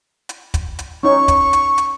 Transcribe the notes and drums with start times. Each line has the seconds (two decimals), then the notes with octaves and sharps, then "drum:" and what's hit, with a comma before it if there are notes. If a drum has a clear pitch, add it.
0.29 drum: hi-hat
0.54 drum: kick, hi-hat
0.79 drum: hi-hat
1.03 C#4 D#4 C#5 C#6
1.28 drum: kick, hi-hat
1.53 drum: hi-hat
1.78 drum: hi-hat